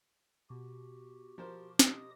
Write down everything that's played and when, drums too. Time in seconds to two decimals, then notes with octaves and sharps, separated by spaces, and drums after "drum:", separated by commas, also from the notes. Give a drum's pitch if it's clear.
0.50 B2 F#4 G4
1.38 F3 A#4 C5
1.79 G4 D#5 D#6, drum: snare